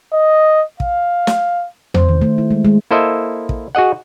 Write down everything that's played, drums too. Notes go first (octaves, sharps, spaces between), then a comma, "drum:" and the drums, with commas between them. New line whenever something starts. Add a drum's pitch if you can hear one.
D#5
F5, drum: kick
drum: snare
C5, drum: tom E2
D#3
A3
E4
G#3
G#3
A#3 E4 A4 C5 D#5 E5
drum: kick
F#4 G#4 D#5 F#5